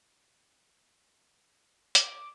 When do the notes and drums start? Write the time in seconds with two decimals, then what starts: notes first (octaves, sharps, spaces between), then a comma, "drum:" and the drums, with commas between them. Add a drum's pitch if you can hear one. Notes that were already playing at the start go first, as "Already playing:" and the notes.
1.95 D6, drum: hi-hat